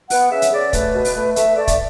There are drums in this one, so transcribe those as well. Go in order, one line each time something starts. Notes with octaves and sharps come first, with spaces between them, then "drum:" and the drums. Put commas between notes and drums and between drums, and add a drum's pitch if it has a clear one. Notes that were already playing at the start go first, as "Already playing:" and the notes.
B3 F#5, drum: open hi-hat
C#3 E5
drum: hi-hat
C#3 D5
A3 B4, drum: kick, hi-hat
B2
drum: open hi-hat
A3
A3 E5, drum: hi-hat
A3 D5
drum: kick, hi-hat